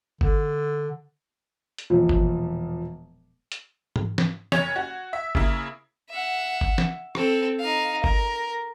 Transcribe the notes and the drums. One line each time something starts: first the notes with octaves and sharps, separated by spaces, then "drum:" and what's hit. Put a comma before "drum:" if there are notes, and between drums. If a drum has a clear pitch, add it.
D3, drum: kick G1
drum: hi-hat
E1 A#2 F3
drum: kick G1
drum: hi-hat
drum: tom G#2
drum: snare
F#1 C#4 C#5 G#6 F7, drum: snare
F#4
E5
C#3 A#3 E4, drum: kick G1
E5 F#5
drum: kick G1
drum: snare
C4 A4, drum: rim click
D#4 F5
A#4, drum: kick G1